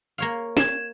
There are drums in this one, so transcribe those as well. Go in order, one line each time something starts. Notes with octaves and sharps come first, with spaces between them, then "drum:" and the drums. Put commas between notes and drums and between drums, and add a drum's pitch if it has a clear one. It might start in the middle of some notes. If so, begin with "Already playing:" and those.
A#3 C#5 F5
G#6 E7, drum: snare